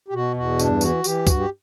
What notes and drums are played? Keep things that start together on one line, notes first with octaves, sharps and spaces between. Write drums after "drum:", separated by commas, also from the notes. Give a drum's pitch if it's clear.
G4
B2 F#4
E2 F#4
G2 D4, drum: tambourine
E3 F#4, drum: tambourine
E3 G4, drum: tambourine
G2 F#4, drum: kick, tambourine
G4